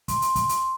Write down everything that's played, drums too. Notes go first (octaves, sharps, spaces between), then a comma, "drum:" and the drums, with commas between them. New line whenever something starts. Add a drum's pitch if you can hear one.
C6, drum: kick, hi-hat
drum: hi-hat
drum: kick, hi-hat
drum: hi-hat